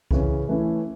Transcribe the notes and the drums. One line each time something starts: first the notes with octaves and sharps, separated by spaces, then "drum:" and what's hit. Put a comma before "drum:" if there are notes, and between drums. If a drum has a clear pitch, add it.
C#3 E3 C#4, drum: kick C2
E3 A3 C#4 E4